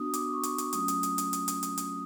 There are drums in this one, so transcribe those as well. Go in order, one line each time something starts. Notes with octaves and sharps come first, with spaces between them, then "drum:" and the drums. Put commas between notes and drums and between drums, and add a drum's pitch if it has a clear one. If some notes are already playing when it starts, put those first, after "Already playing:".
Already playing: B3 D4 F#4 D#6
D6, drum: hi-hat
C#6
drum: hi-hat
drum: hi-hat
F#3 A3 C#4 F4 D#6, drum: hi-hat
drum: hi-hat
drum: hi-hat
drum: hi-hat
drum: hi-hat
drum: hi-hat
drum: hi-hat
drum: hi-hat